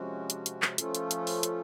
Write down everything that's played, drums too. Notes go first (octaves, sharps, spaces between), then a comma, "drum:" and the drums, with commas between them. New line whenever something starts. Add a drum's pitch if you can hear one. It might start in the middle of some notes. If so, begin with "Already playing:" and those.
Already playing: C3 F3 G#3 C#4 F#4
drum: hi-hat
drum: hi-hat
drum: clap
F3 A3 C#4 F4 A4, drum: hi-hat
drum: hi-hat
drum: hi-hat
drum: open hi-hat
drum: hi-hat